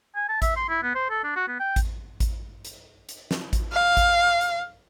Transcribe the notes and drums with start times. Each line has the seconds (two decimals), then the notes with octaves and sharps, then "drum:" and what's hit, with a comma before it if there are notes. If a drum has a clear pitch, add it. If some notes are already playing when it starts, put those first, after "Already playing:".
0.15 G#5
0.29 A5
0.42 E5, drum: kick A1, hi-hat
0.56 C6
0.69 E4
0.83 B3
0.95 C5
1.10 A4
1.24 D4
1.36 F#4
1.48 B3
1.60 G5
1.76 drum: kick A1, hi-hat
2.20 drum: kick A1, hi-hat
2.65 drum: hi-hat
3.09 drum: hi-hat
3.31 drum: snare
3.53 drum: kick A1, hi-hat
3.72 F5
3.97 drum: kick A1, hi-hat
4.41 drum: hi-hat